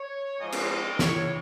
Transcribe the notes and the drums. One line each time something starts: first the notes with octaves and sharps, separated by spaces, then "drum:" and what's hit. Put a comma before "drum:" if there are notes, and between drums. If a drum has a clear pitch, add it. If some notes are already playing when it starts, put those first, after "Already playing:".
Already playing: C#5
G#2 F3 D#5
drum: cymbal
C#5, drum: snare